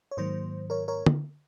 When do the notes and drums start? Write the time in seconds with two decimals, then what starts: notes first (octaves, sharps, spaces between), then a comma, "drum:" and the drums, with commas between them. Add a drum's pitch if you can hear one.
0.11 C#5
0.17 G#2 D#3 F#3 A#3 C5
0.70 A#4 C#5
0.88 A#4 C#5
1.06 drum: tom